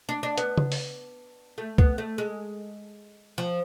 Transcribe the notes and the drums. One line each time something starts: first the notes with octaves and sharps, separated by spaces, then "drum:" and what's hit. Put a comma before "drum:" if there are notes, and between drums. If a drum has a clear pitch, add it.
D4
D4
B3, drum: hi-hat
drum: tom C#3
drum: open hi-hat
A3
B3, drum: kick
A3
G#3
F3